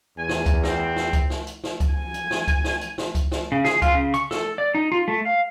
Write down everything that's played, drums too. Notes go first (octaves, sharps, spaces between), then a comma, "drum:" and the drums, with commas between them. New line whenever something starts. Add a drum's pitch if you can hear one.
E2 G#5
drum: snare
drum: kick C#2, hi-hat
C4, drum: snare
drum: snare
drum: kick C#2, hi-hat
drum: snare
drum: hi-hat
drum: snare
drum: kick C#2, hi-hat
G#5
drum: hi-hat
drum: snare
drum: kick C#2, hi-hat
drum: snare
drum: hi-hat
drum: snare
drum: kick C#2, hi-hat
drum: snare
C#3
G#4, drum: snare
F4, drum: kick C#2, hi-hat
C#3
C#6, drum: hi-hat
A4, drum: snare
D5
D#4
F4
A3
F5